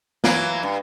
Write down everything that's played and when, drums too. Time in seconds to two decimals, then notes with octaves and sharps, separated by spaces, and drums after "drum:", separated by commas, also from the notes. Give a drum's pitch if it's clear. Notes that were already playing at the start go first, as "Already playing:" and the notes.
0.24 E3 F#3 A#3, drum: snare
0.63 G2